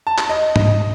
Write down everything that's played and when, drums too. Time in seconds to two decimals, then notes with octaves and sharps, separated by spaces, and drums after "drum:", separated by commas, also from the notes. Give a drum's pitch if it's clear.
0.07 A5
0.18 drum: clap
0.29 D#5
0.56 D#5, drum: tom